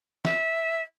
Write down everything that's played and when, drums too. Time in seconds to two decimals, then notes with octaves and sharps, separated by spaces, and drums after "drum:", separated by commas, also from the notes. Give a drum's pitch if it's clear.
0.25 E5, drum: snare